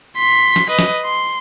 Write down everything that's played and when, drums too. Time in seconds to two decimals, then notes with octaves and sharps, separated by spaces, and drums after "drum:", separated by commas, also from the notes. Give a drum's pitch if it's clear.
0.17 C6 B6
0.56 drum: snare
0.70 B4 D#5
0.79 drum: snare
1.05 C6